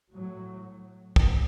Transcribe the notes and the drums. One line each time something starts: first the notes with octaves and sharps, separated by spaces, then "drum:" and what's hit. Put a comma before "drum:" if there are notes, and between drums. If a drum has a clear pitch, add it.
A2 F#3
drum: kick